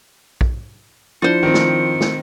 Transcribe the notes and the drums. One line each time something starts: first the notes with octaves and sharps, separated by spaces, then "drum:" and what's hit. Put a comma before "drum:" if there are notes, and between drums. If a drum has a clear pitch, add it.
drum: kick
F3 D4 E4 F4 C5 C#7
D#3 C4
drum: snare
drum: snare